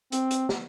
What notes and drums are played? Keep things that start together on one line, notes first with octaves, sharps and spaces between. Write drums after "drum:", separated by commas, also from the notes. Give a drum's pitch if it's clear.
C4, drum: hi-hat
drum: hi-hat
drum: snare